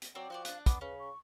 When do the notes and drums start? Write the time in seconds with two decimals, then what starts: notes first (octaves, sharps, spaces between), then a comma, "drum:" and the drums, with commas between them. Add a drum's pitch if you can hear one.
0.02 drum: hi-hat
0.15 F#3 C4 D5 G5
0.30 F3 F#4 C5 D5
0.45 D4 F5 F#6, drum: hi-hat
0.66 B3 D6, drum: kick, hi-hat
0.81 C#3 C#4 B4
0.99 C#6